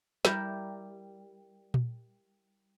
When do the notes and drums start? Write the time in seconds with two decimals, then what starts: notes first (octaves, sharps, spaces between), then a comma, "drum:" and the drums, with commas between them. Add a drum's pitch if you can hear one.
0.25 G3 E4 G4 A#4, drum: snare
1.74 drum: tom A#2